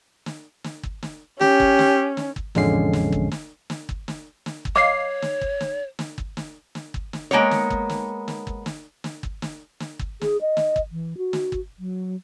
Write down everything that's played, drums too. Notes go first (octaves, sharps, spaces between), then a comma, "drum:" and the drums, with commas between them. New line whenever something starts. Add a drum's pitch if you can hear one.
drum: snare
drum: snare
drum: kick G1
drum: snare
C#4 G4, drum: snare
drum: kick G1
drum: snare
drum: snare
drum: kick G1
A1 F2 D3 G#3 C#4 C7, drum: snare
drum: snare
drum: kick G1
drum: snare
drum: snare
drum: kick G1
drum: snare
drum: snare
drum: kick G1
C#5 D#5 F5 D6 C7
drum: snare
drum: kick G1
drum: snare
drum: snare
drum: kick G1
drum: snare
drum: snare
drum: kick G1
drum: snare
G#3 A#3 B3 C#5
drum: snare
drum: kick G1
drum: snare
drum: snare
drum: kick G1
drum: snare
drum: snare
drum: kick G1
drum: snare
drum: snare
drum: kick G1
G#4, drum: snare
D#5
drum: snare
drum: kick G1
E3
F#4
drum: snare
drum: kick G1
F#3